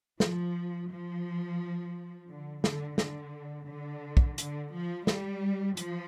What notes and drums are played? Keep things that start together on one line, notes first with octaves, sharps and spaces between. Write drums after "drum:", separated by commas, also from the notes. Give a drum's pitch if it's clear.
F3, drum: snare
F3
D3
D3, drum: snare
D3, drum: snare
D3
drum: kick
D3, drum: hi-hat
F3
G3, drum: snare
F3, drum: hi-hat